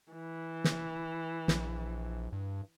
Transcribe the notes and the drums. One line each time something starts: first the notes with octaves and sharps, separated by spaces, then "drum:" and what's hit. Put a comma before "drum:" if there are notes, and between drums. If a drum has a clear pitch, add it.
E3
drum: snare
A#1, drum: snare
G2